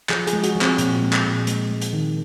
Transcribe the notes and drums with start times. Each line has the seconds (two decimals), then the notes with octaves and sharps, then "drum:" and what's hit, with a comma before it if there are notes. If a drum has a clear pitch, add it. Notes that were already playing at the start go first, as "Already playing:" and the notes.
0.09 F3 G#4, drum: clap
0.27 G#4, drum: hi-hat
0.33 G#3
0.44 F#4, drum: hi-hat
0.55 F3
0.61 C4, drum: clap
0.78 A#2, drum: hi-hat
1.02 G#3
1.13 drum: clap
1.24 A#2
1.47 G#3, drum: hi-hat
1.70 G#3
1.81 drum: hi-hat
1.93 D#3